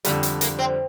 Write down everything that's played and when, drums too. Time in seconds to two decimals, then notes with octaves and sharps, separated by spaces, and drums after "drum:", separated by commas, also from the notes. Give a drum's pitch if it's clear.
0.05 F2 D3 G3 A3, drum: hi-hat
0.23 drum: hi-hat
0.41 A#3, drum: hi-hat
0.59 C4